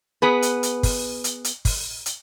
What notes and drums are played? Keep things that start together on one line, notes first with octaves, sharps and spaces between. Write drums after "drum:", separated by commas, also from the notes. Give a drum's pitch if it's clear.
B3 G#4 B4
drum: hi-hat
drum: hi-hat
drum: kick, open hi-hat
drum: hi-hat
drum: hi-hat
drum: kick, open hi-hat
drum: hi-hat